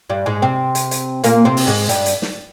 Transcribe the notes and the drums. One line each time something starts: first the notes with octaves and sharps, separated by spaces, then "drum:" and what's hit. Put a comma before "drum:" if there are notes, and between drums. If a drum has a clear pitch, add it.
G2 G3
G#2 G#3
C3 C4
drum: hi-hat
drum: hi-hat
A#2 A#3, drum: hi-hat
C3 C4
drum: open hi-hat
G#2 G#3
G2 G3, drum: hi-hat
drum: hi-hat
drum: snare